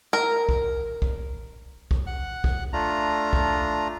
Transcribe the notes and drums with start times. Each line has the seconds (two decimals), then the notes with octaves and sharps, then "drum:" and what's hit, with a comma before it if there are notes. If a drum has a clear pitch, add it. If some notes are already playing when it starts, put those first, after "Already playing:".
0.13 A#4
0.49 drum: kick
1.02 drum: kick
1.91 drum: kick
2.07 F#5 F#6
2.44 drum: kick
2.73 A3 D4 F4 A#5
3.33 drum: kick